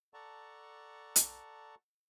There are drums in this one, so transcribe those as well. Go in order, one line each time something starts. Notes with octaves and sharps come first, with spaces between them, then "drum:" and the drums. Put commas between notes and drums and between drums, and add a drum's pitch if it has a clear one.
A4 D5 F#5 A5 A#5 C#6
drum: hi-hat